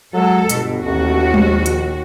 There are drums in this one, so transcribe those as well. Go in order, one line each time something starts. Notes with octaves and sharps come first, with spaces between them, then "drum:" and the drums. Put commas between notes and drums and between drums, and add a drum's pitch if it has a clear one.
F#3 G#3 A4
G1 B2, drum: hi-hat
A1 D#2 F#4
A#1, drum: tom G3
drum: hi-hat